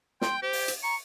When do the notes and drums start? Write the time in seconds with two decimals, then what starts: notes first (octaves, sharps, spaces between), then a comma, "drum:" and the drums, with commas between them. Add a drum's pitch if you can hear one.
0.21 G5 C6, drum: snare
0.42 G4 C5
0.53 drum: open hi-hat
0.68 drum: hi-hat
0.83 A#5 C#6